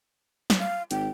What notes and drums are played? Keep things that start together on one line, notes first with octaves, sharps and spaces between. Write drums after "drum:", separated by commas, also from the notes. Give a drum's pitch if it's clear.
drum: snare
F5
G#1 G5, drum: hi-hat